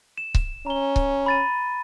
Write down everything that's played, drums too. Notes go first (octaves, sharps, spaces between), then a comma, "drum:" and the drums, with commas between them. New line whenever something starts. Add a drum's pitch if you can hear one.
E7
drum: kick C#1
C#4 A#5 G7
drum: kick C#1
B5 A6 D#7